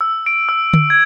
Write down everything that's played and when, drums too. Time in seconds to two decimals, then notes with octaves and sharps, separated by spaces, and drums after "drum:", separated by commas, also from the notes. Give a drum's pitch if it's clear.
0.01 E6
0.26 D7
0.49 E6
0.73 drum: tom D3
0.90 G#6